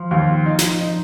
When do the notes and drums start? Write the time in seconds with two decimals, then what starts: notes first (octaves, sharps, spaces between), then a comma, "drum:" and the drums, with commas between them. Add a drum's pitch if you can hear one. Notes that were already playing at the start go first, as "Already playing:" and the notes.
Already playing: F3
0.11 D#2
0.46 D#4
0.59 drum: snare
0.81 D#4